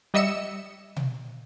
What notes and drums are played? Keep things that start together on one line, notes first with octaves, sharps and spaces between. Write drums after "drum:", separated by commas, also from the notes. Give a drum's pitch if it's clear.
G3 D#5 E5 C#7 E7
drum: tom B2